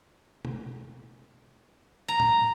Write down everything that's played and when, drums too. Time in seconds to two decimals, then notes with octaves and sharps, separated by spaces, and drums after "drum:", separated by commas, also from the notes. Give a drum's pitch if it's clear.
0.45 drum: tom B2
2.08 A#5
2.20 drum: tom A2